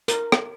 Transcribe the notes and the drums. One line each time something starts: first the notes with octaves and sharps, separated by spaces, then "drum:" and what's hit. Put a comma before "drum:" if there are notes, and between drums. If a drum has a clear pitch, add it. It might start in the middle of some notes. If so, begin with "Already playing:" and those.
A#4, drum: hi-hat
drum: rim click